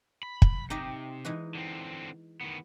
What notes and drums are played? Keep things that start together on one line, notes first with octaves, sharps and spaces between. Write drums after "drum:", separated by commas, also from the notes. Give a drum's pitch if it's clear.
B5
drum: kick
C3 D#4 G4 D#5
E3 G#3 D#4
D3 C4
D#3 B3